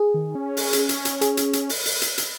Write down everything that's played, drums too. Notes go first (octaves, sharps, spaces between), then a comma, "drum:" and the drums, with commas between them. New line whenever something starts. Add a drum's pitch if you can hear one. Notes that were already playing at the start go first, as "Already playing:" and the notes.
Already playing: G#4
D#3
C#4
drum: open hi-hat
drum: hi-hat
drum: hi-hat
drum: hi-hat
G#4, drum: hi-hat
drum: hi-hat
drum: hi-hat
drum: open hi-hat
drum: open hi-hat
drum: hi-hat
drum: hi-hat